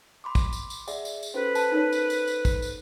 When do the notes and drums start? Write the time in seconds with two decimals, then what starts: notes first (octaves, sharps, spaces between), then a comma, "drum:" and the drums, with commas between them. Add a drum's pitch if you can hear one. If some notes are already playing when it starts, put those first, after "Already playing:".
0.24 B5 C6 D6
0.35 drum: kick, tambourine
0.53 drum: tambourine
0.70 drum: tambourine
0.88 G#4 D5 E5 F#5, drum: tambourine
1.05 drum: tambourine
1.23 drum: tambourine
1.34 C#4 F#4 A4 B4 C5
1.55 A5, drum: tambourine
1.72 D#4 A#4 C#5
1.92 drum: tambourine
2.10 drum: tambourine
2.27 drum: tambourine
2.45 drum: kick, tambourine
2.62 drum: tambourine